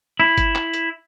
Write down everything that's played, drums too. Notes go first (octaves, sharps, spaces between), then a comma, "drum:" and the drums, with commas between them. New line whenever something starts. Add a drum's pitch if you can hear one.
E4
drum: kick G1, hi-hat
drum: clap
drum: hi-hat